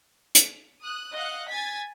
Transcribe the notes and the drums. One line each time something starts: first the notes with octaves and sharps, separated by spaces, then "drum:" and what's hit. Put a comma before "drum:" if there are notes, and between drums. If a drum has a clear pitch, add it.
drum: hi-hat
D#6 F#6
D#5 F5 F#5 F#6
G#5 G#6 A6 B6